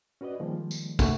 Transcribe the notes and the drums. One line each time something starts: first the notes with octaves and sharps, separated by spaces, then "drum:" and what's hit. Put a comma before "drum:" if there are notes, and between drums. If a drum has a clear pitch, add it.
C#4 F#4 B4 D5 D#5
D#3 F3 G3 G#3 A#3
drum: tambourine
C3 A3 A#3 E5 F#5 C#6, drum: kick, tambourine